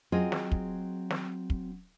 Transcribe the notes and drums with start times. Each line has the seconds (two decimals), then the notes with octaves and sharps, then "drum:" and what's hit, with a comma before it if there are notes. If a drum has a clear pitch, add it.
0.12 F#3 C4 F4 G#4 D#5
0.32 drum: snare
0.52 drum: kick
1.10 drum: snare
1.50 drum: kick